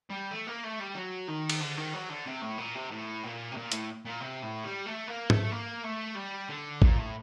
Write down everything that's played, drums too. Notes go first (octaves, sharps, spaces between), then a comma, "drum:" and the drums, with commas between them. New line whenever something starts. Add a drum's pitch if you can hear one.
G3
A3
A#3
A3
G3
F#3
D#3
drum: cymbal
D3
D#3
F#3
D3
C3
A2
A#2
C3
A2
A#2
C3
A#2
A2, drum: hi-hat
A#2
C3
A2
G3
A3
A#3
A3, drum: tom
A#3
A3
G3
D3
A#2, drum: kick G#1
A2